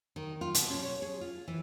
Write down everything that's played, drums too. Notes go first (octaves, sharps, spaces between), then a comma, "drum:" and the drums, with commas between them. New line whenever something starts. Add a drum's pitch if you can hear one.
D#3
F4
B2, drum: hi-hat
C#4
C#5
G#4
F4
E3